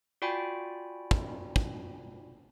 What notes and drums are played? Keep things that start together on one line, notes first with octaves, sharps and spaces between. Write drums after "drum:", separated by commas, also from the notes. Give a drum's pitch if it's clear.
F4 F#4 D5 G5 G#5 B5
drum: kick
drum: kick